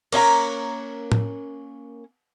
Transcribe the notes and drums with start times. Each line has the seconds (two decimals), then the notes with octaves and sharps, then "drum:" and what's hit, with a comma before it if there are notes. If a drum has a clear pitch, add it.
0.12 A#3 C#4 E5 A#5, drum: cymbal
1.12 drum: tom A2